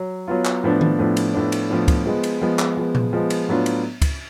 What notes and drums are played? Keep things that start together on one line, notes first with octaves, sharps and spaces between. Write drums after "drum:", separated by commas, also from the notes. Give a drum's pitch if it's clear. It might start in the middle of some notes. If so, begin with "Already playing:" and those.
Already playing: F#3
F#3 B3 F4
drum: clap
A2 F3 B3 D4
drum: tom D#3
A2 F3 B3 D4
drum: cymbal
A2 F3 B3 D4
drum: cymbal
A2 F3 B3 D4
drum: kick, cymbal
F3 G#3 B3
drum: cymbal
F3 G#3 B3
drum: clap
F3 G#3 B3
drum: tom A#2
F3 G#3 B3
drum: cymbal
A2 F#3 B3 D4 F4
drum: cymbal
drum: kick, cymbal